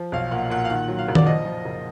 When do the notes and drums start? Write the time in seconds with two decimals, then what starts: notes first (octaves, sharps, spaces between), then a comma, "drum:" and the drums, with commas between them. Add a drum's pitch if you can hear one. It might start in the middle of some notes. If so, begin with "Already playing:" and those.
Already playing: F3
0.12 B1 F5
0.31 A#2 F#5
0.50 A#2 F#5
0.65 F5
0.70 D#3 F#5
0.88 F#3
0.99 F5
1.08 F#1
1.15 D5, drum: tom D#3
1.26 F3 D#5
1.46 F3
1.65 F#1